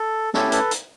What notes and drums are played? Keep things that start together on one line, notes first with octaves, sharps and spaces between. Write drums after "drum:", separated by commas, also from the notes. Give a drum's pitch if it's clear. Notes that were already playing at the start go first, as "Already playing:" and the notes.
Already playing: A4
A3 C#4 E4 G4 A4, drum: snare
A4 B4, drum: hi-hat
drum: hi-hat